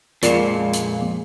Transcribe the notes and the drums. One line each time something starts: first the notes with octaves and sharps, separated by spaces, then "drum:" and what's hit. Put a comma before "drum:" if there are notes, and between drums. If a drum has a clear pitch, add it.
F2 A#2 G#3 F4 A#4 D5, drum: hi-hat
drum: hi-hat